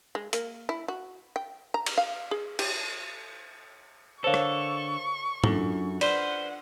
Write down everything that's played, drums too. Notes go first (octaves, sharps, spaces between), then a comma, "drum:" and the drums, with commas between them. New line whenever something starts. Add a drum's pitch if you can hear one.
G#3
A#3, drum: hi-hat
E4
F#4
G5
A#5
drum: cymbal
F5
G#4
G4, drum: cymbal
D3 A4 A#4 C5 C#5 F5 C#6
drum: rim click
F#2 D4 E4 F4 A4, drum: tom
B4 C5 D5 F#5, drum: cymbal